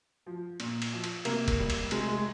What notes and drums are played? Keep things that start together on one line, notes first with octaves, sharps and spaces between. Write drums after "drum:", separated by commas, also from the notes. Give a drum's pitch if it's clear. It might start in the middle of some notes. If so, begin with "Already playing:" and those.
F3
A#2, drum: cymbal
drum: cymbal
F3
drum: cymbal
C3 A#3, drum: cymbal
drum: kick E1, cymbal
G3
drum: cymbal
C3 G#3, drum: cymbal
G#3